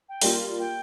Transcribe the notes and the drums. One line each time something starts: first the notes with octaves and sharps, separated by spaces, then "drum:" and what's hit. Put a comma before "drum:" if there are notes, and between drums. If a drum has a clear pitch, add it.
G5
G3 A#3 F4, drum: open hi-hat
G5